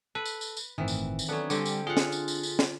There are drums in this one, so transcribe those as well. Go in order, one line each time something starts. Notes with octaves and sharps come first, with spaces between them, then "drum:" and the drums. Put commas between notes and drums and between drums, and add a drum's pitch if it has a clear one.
A4 B4
drum: tambourine
drum: tambourine
drum: tambourine
G1 A2 D#3 E3 C4
drum: tambourine
drum: tambourine
F#3 B3 D4 A4 G#5
D3 G3 C4 G4 D6, drum: tambourine
drum: tambourine
F4 G#4 F5 F#5
drum: snare
drum: tambourine
drum: tambourine
drum: tambourine
drum: snare